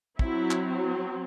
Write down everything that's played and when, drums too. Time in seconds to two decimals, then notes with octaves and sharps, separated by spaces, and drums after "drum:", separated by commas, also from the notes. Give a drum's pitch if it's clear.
0.19 F#3 C4 E4, drum: kick
0.51 drum: clap